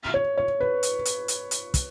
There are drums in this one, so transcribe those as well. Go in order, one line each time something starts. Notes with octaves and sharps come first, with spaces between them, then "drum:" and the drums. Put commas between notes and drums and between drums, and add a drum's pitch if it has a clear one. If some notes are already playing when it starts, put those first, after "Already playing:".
C#5
C#5
B4
drum: hi-hat
drum: hi-hat
drum: hi-hat
drum: hi-hat
drum: kick, hi-hat